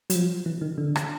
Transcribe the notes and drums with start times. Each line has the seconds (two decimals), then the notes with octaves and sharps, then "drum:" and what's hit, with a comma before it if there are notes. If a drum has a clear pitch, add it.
0.10 F#3, drum: hi-hat
0.15 F3
0.46 E3
0.61 D#3
0.78 D3
0.96 drum: rim click